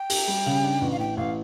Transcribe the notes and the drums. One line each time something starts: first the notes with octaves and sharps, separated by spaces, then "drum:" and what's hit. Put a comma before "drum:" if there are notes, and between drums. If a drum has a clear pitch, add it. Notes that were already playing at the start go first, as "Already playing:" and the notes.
Already playing: G5
G4, drum: open hi-hat
G3
C#3
D4
A1
F5
A2 G5
A1 F5